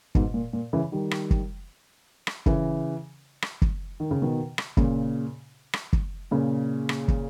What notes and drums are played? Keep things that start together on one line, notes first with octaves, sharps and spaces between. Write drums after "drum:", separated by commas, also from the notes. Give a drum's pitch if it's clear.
G#2 B2, drum: kick
A#2
A#2
C#3 E3
D#3 G3
drum: rim click
drum: kick
drum: rim click
C#3 E3, drum: kick
drum: rim click
drum: kick
D#3
C#3
B2 D#3
drum: rim click
A#2 C#3, drum: kick
drum: rim click
drum: kick
A#2 C#3
drum: rim click
drum: kick